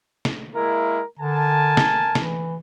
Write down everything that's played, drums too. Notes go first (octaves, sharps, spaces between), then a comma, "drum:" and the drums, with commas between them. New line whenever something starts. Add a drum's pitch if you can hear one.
drum: snare
G#3 A#3 E4 A#4
D3 A#4 G#5 A5
drum: snare
E3, drum: snare